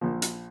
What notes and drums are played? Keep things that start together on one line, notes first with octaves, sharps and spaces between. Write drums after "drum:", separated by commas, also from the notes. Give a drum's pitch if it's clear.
A#1 A#2 F3
drum: hi-hat